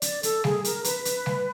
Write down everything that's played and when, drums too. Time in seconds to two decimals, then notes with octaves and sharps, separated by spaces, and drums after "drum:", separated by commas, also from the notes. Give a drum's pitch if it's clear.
0.02 D5, drum: hi-hat
0.23 A4, drum: hi-hat
0.44 G#4, drum: snare G3
0.64 A#4, drum: hi-hat
0.84 B4, drum: hi-hat
1.05 drum: hi-hat
1.26 drum: snare G3